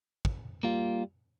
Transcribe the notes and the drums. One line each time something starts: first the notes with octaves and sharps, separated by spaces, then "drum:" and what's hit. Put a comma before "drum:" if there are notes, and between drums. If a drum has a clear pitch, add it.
drum: kick
G3 A#3 F4